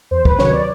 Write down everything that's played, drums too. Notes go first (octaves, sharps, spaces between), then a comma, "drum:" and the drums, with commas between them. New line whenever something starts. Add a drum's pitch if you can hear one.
E2 C5
B4, drum: kick
C3 D#3 F#3 C#5, drum: snare
D5